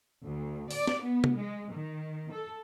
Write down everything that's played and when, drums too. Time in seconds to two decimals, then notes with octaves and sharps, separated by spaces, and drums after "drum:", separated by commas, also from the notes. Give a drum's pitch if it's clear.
0.23 D2
0.71 D5, drum: open hi-hat
0.87 drum: snare B3
1.01 B3
1.24 drum: tom C3
1.37 G#3
1.71 D#3
2.32 A4